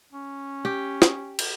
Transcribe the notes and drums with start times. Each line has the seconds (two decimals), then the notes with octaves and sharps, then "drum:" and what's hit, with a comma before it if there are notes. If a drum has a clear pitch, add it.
0.13 C#4
0.65 G4
1.02 drum: snare
1.39 drum: cymbal